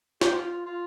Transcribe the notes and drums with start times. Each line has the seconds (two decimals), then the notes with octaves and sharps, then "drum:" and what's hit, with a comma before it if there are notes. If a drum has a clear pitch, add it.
0.21 G4, drum: snare
0.33 F4
0.49 F4
0.66 F4